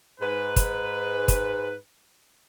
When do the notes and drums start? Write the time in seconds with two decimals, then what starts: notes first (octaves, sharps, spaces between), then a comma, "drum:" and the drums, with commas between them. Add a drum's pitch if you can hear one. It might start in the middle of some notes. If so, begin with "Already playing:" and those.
0.20 G#2 B4
0.56 drum: kick, hi-hat
1.28 drum: kick, hi-hat